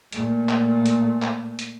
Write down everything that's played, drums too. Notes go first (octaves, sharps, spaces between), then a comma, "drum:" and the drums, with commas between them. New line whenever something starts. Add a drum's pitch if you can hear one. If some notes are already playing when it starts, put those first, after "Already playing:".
A#2 A3, drum: hi-hat
drum: clap
drum: hi-hat
drum: clap
drum: hi-hat